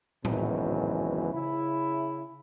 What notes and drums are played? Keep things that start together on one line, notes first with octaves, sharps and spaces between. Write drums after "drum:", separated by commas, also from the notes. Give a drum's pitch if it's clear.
G#1 C#2 F#2 B2 E3, drum: tom A2
C#3 E4